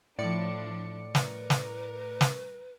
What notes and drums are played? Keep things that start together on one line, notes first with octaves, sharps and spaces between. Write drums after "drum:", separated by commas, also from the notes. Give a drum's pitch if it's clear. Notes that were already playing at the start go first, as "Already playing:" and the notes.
A2 F3 D4 D5 C#7
A#4 B4, drum: snare
drum: snare
drum: snare